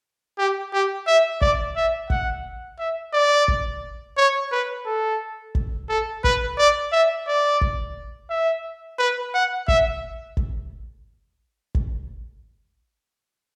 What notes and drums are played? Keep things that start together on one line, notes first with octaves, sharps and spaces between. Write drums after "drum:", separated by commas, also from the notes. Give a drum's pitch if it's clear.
G4
G4
E5
D5, drum: kick
E5
F#5, drum: kick
E5
D5
drum: kick
C#5
B4
A4
drum: kick
A4
B4, drum: kick
D5
E5
D5
drum: kick
E5
B4
F#5
E5, drum: kick
drum: kick
drum: kick